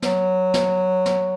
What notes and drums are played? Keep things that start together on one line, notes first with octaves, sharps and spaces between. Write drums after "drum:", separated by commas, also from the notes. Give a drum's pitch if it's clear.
F#3, drum: snare
drum: snare
drum: snare